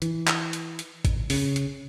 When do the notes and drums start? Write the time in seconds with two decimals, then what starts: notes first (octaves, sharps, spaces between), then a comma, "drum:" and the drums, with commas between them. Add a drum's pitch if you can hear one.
0.02 E3, drum: hi-hat
0.27 drum: clap
0.53 drum: hi-hat
0.79 drum: hi-hat
1.05 drum: kick G#1, hi-hat
1.30 C#3, drum: open hi-hat
1.56 drum: hi-hat